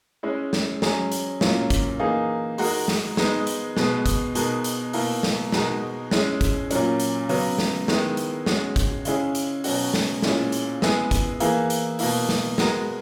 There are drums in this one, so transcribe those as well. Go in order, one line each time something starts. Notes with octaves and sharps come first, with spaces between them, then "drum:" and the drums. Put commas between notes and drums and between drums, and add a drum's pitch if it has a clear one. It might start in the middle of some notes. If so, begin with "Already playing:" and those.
G#3 C#4 E4
drum: snare
F#3 C#4 G#4, drum: snare
drum: hi-hat
A#2 F#3 A#3 C#4 E4, drum: snare
drum: kick, hi-hat
E3 A#3 D#4 G#4
G#3 D#4 F#4 A#4, drum: open hi-hat
drum: snare
G#3 B3 D#4, drum: snare
drum: hi-hat
B2 G#3 B3, drum: snare
drum: kick, hi-hat
B2 G#3 D#4 A#4, drum: hi-hat
drum: hi-hat
B2 A#3 E4 A#4, drum: open hi-hat
drum: snare
B2 G#3 D#4 F#4 A#4, drum: snare
G#3 C#4 E4, drum: snare
drum: kick, hi-hat
A#2 F#3 C#4, drum: hi-hat
drum: hi-hat
C#3 F#3 B3, drum: open hi-hat
drum: snare
D#3 G#3 B3 E4, drum: snare
drum: hi-hat
G#3 C#4 F#4, drum: snare
drum: kick, hi-hat
C#3 G#3 C#4 E4 G#4, drum: hi-hat
drum: hi-hat
B2 F#3 C#4 F#4, drum: open hi-hat
drum: snare
A#2 G#3 C#4 E4, drum: snare
drum: hi-hat
G#3 B3 E4 G#4, drum: snare
drum: kick, hi-hat
E3 A#3 E4 G#4, drum: hi-hat
drum: hi-hat
B2 A#3 E4, drum: open hi-hat
drum: snare
G#3 B3 F#4 A#4, drum: snare